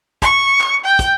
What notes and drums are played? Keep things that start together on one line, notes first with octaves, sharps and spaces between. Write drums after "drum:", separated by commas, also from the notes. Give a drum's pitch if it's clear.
C#6, drum: kick, hi-hat
drum: clap
G5
drum: kick, hi-hat